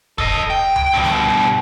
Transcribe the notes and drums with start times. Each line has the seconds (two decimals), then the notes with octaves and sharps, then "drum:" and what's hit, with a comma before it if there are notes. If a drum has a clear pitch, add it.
0.18 A4 D#5, drum: kick
0.50 G5
0.76 drum: tom C#2
0.93 G2 B2
1.04 drum: snare